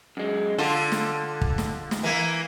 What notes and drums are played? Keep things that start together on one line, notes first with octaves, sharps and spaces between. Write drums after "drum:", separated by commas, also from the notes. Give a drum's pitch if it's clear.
F#2 G#3
D3 F4 A4
drum: snare
drum: kick
drum: snare
drum: snare
E3 A#3